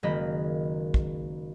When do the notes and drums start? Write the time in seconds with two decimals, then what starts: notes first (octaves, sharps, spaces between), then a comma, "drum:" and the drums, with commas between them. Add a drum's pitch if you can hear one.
0.03 F#1 D#3 G#3 A#3 D#5 B5
0.94 drum: kick